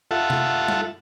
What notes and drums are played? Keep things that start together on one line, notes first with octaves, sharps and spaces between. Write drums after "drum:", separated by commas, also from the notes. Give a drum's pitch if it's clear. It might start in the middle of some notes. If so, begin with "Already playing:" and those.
F4 A4 E5 F#5
drum: tom C3
drum: tom G3